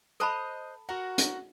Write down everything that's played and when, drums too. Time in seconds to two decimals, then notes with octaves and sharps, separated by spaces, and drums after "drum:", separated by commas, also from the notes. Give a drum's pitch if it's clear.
0.20 A4 C5 D#5 A5 B5 F#6
0.89 F#4 A#4 F#5
1.18 drum: hi-hat